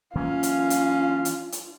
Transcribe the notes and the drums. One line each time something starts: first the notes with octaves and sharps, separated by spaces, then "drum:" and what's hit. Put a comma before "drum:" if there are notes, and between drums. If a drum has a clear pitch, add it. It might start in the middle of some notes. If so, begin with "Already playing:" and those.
E3 F#3 A#3 C#4 D4 F4 F5
drum: hi-hat
drum: hi-hat
drum: hi-hat
drum: hi-hat